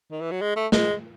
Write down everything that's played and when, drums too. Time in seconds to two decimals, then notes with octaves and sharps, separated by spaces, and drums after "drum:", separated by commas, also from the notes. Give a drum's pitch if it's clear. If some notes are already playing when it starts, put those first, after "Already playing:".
0.11 D#3
0.21 E3
0.31 F#3
0.41 G#3
0.56 A3
0.72 G#3, drum: snare